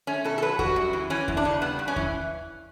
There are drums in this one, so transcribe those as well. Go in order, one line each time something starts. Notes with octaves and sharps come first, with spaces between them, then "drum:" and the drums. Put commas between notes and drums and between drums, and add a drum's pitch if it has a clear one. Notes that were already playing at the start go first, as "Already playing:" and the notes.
A3 C#4
B2 A4
A4
F#3 B4
G3 F#4, drum: kick E2
F#2
E3
E3 C#4
E2, drum: kick E2
D4
C#3
G3 B3
G2
C#4
E3, drum: kick E2